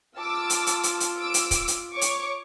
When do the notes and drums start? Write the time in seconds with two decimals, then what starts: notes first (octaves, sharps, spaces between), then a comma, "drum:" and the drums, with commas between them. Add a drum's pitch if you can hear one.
0.19 F4 A5 D6 E6
0.50 drum: hi-hat
0.67 drum: hi-hat
0.83 drum: hi-hat
1.00 drum: hi-hat
1.17 D6 E6 D7
1.34 drum: hi-hat
1.51 drum: kick, hi-hat
1.68 drum: hi-hat
1.92 C#5 C#6 D6
2.01 drum: hi-hat